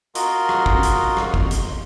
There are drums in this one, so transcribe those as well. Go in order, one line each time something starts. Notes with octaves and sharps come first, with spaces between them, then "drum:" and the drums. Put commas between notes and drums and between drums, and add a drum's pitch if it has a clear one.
F4 F#4 A#4 D#5 C6, drum: hi-hat
drum: rim click
drum: kick
drum: hi-hat
drum: rim click
drum: kick
drum: hi-hat